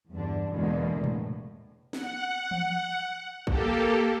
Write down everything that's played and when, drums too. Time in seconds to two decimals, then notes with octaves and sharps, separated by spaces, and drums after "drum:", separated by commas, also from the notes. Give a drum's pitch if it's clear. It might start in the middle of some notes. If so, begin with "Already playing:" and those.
0.11 E2 G2 D3 D4
0.50 E2 B2 D3 E3 G#3 A#3
1.04 A2, drum: tom A#2
1.93 F#5, drum: snare
2.51 drum: tom E3
3.47 A#3 G4 A4, drum: kick